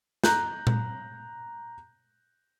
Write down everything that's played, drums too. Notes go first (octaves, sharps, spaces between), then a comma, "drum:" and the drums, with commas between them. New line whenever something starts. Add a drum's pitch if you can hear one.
A#5 F#6 G6, drum: snare
drum: tom A#2